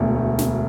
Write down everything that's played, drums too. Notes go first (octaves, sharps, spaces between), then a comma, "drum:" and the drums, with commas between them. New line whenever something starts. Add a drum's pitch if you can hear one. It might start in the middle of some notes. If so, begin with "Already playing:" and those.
Already playing: E1 D2 A3 D5
A3
drum: snare